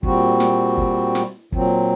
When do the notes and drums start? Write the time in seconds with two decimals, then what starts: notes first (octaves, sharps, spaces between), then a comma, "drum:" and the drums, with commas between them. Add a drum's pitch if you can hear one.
0.03 A#2 G3 C4 F#4, drum: kick
0.40 drum: snare
0.78 drum: kick
1.15 drum: snare
1.52 A#2 F#3 C4, drum: kick